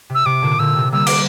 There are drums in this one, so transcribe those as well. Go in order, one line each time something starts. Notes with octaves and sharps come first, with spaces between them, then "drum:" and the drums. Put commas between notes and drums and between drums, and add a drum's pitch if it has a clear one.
C3
E6
C3 D6
A#2 D3
A#2 D3 E6
C3
G3 A#3 E6
D6, drum: cymbal